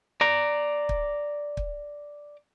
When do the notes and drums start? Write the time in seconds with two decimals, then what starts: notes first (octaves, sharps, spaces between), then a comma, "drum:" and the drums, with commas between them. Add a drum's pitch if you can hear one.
0.21 D5 A#5
0.89 drum: kick
1.57 drum: kick